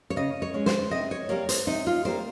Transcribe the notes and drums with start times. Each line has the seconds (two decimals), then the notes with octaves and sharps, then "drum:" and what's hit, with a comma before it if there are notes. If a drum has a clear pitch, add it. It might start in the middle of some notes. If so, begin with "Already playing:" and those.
0.10 C#5
0.16 C#3 D#5
0.42 C#5
0.54 G#3 C#4
0.66 C5, drum: snare
0.91 C3 D#5
1.11 C#5
1.29 G3 A#3 C#5
1.49 C5, drum: hi-hat
1.67 C3 D#4
1.87 F4
2.05 G3 A#3 C5